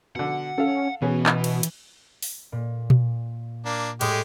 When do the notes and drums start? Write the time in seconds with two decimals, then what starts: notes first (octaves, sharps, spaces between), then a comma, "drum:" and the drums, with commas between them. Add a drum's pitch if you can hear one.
0.16 B2 D3 F#5
0.58 C#4 A4 F5
1.02 B2 E3 B3 C#4 G#4
1.26 drum: clap
1.44 drum: cymbal
1.63 drum: hi-hat
2.23 drum: open hi-hat
2.52 A#2
2.90 drum: tom A#2
3.65 A#3 D4
4.01 A2 G#3 G4 C#5 D#6, drum: cymbal